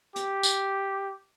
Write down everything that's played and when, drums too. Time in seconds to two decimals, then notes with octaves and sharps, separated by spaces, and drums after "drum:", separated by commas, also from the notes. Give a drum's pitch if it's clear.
0.16 G4, drum: hi-hat
0.43 drum: tambourine